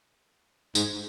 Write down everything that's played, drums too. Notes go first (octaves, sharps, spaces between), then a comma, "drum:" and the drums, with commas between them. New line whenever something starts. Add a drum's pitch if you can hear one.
G#2, drum: tambourine